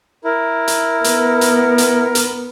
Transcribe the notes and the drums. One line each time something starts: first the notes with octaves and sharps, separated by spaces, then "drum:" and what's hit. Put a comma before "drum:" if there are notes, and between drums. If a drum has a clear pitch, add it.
E4 A#4
drum: hi-hat
B3, drum: hi-hat
drum: hi-hat
drum: hi-hat
drum: hi-hat